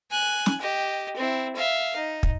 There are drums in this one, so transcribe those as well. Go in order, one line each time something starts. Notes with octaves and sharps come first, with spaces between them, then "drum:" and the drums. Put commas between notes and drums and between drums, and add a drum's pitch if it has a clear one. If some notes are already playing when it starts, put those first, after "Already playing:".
G#5 F#6
drum: snare
G4 D#5
C4 E4
E5 F5
D#4
drum: kick